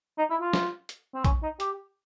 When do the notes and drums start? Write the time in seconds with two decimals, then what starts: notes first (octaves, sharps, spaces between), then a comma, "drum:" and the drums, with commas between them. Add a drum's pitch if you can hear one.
0.18 D#4
0.30 E4
0.41 F4
0.53 drum: snare
0.89 drum: hi-hat
1.14 C4
1.25 C#4, drum: kick A#1, hi-hat
1.43 D#4
1.60 G4, drum: hi-hat